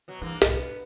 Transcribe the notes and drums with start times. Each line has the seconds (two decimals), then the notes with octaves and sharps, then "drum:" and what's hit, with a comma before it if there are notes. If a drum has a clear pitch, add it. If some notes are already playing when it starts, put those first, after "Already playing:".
0.08 B2 F#3
0.22 G2 E3 A#3
0.42 B1 G#2 B3, drum: snare
0.54 D4